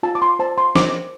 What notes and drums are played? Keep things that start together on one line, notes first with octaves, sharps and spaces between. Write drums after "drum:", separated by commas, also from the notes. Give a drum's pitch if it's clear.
F4 A5
D6
C6
C5 A5
C6
C5 D6, drum: snare